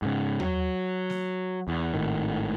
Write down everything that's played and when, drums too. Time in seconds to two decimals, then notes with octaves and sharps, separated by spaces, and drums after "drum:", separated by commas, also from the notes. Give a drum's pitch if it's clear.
0.02 G#2 C#3
0.40 F#3, drum: tom D#2
1.10 drum: snare
1.68 E2
1.94 G#1 A2 D#3